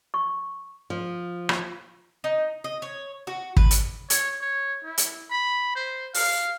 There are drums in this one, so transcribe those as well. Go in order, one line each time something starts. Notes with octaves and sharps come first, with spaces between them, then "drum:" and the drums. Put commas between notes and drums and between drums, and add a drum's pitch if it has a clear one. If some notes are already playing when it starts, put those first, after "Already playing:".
C#6
F3
drum: rim click
D#4
D#5
C#5
F#4
B4, drum: kick
drum: hi-hat
C#5, drum: hi-hat
C#5
E4
drum: hi-hat
B5
C5
F5, drum: open hi-hat